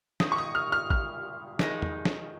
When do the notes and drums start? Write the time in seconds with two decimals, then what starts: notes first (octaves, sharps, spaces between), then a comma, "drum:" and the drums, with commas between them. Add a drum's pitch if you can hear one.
0.20 G#2 D#3 A#3 D#6, drum: snare
0.32 C#6
0.38 D#6
0.55 F6
0.72 F6
0.90 F6, drum: kick A1
1.59 F2 D#3 G#3 D#4, drum: snare
1.82 drum: tom
2.05 drum: snare